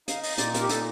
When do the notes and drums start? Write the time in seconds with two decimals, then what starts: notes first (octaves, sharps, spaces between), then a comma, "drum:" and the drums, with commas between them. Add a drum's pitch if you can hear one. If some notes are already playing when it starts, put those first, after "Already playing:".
0.08 D#4 F5, drum: hi-hat
0.23 D#5, drum: open hi-hat
0.38 A#2 D5, drum: hi-hat
0.54 A#4, drum: hi-hat
0.62 G4
0.69 A#2 A4, drum: hi-hat